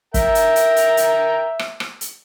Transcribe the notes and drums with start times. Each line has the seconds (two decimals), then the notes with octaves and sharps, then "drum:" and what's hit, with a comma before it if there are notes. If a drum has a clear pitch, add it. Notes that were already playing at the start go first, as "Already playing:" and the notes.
0.14 A#4 E5 G5 A#5, drum: kick, hi-hat
0.35 drum: hi-hat
0.56 drum: hi-hat
0.76 drum: hi-hat
0.97 drum: hi-hat
1.59 drum: rim click
1.80 drum: rim click
2.01 drum: hi-hat